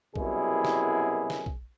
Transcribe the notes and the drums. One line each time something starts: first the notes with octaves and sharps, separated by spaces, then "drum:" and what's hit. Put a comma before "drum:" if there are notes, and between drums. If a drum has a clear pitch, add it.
C2 F#2 B2 G3 E4 G#4, drum: kick A#1
drum: snare
drum: snare
drum: kick A#1